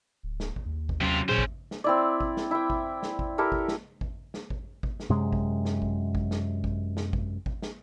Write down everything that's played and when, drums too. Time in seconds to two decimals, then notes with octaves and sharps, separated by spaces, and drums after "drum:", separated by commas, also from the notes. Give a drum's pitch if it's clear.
0.23 D1
0.40 drum: snare
0.56 drum: kick G#1
0.66 D#2
0.89 drum: kick G#1
1.01 C3 F#3 C#4 F4
1.29 A#2 C#4 G#4 C5
1.38 drum: kick G#1
1.71 drum: snare
1.84 C4 E4 D5
2.21 drum: kick G#1
2.37 drum: snare
2.51 E4 G5
2.70 drum: kick G#1
3.03 drum: snare
3.19 drum: kick G#1
3.38 E4 G4 A4 A#4
3.52 drum: kick G#1
3.68 drum: snare
4.01 drum: kick G#1
4.34 drum: snare
4.50 drum: kick G#1
4.83 drum: kick G#1
5.00 drum: snare
5.10 F#2 C3 G#3
5.33 drum: kick G#1
5.65 drum: snare
5.82 drum: kick G#1
6.15 drum: kick G#1
6.31 drum: snare
6.64 drum: kick G#1
6.97 drum: snare
7.13 drum: kick G#1
7.46 drum: kick G#1
7.62 drum: snare